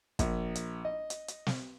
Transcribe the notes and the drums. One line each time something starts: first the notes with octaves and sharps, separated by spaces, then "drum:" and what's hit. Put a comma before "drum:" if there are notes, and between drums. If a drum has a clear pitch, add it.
A#1, drum: kick, hi-hat
drum: hi-hat
D#5
drum: hi-hat
drum: hi-hat
drum: snare